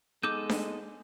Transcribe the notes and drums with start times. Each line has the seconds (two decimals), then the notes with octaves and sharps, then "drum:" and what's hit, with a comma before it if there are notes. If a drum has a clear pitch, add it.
0.23 G#3 B3 D#4 A4 D6 G6
0.49 drum: snare D4